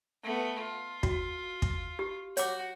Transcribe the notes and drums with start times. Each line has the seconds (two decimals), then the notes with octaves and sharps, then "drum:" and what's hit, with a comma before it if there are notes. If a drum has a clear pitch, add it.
0.24 A3 B3
0.62 F4
1.03 F#4, drum: kick
1.62 drum: kick
1.99 G4
2.37 F#4 C#5 D6, drum: hi-hat